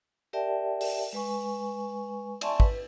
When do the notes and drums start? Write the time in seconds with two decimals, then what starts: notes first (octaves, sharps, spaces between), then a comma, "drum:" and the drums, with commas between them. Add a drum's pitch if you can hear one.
0.33 G4 A#4 D5 E5 G5 A5
0.81 drum: open hi-hat
1.13 G#3 B4 G#5 C#6
2.41 D5 E5 G#5 A5 C6 C#6, drum: cymbal
2.60 B4, drum: kick